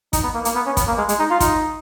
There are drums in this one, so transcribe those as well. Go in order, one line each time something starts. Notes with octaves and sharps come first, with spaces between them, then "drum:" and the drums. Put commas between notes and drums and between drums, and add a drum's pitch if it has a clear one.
D#4, drum: kick, hi-hat
B3
A#3
A#3, drum: hi-hat
B3
C#4
B3, drum: kick, hi-hat
A#3
G#3
G#3, drum: hi-hat
D#4
F4
D#4, drum: kick, hi-hat